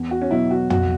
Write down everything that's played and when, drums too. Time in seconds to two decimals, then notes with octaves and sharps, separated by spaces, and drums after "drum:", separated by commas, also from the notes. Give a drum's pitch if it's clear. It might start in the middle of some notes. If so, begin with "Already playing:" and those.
Already playing: E2
0.11 F#4
0.22 C#4
0.31 B2 F#3 E4
0.51 F#4
0.70 B1 F#4, drum: tom